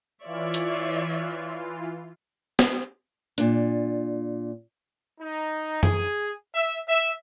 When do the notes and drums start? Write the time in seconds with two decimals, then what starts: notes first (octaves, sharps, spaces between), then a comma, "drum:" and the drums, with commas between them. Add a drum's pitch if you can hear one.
0.24 E3 F4 C#5 D5 E5
0.54 drum: hi-hat
2.59 drum: snare
3.38 A#2 D4, drum: hi-hat
5.19 D#4
5.83 G#4, drum: tom F#2
6.53 E5
6.88 E5